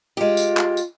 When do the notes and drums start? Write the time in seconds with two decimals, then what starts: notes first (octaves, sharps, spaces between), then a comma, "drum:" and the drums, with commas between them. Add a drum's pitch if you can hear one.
0.17 G#3 F4 G4
0.37 drum: tambourine
0.57 drum: clap
0.77 drum: tambourine